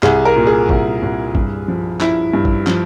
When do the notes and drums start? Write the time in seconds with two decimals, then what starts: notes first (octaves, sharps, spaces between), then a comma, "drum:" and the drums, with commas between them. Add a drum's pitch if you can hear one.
0.03 C2 G#4, drum: clap
0.25 A#4
0.36 A#2
0.47 G#4
0.69 C2, drum: kick A1
1.02 C2
1.35 G2, drum: kick A1
1.68 F3
2.00 F3 E4, drum: clap
2.33 G2
2.45 drum: kick A1
2.67 F3, drum: clap